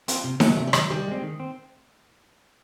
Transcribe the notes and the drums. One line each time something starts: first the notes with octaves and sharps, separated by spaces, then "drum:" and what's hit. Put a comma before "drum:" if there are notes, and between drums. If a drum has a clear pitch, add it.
C4 F4, drum: hi-hat
C3
D#3 F#3, drum: snare D#4
C3 A3
G3
D#3 F#3 G#3, drum: rim click
D#3 G3
G#3 C4
D#3
C4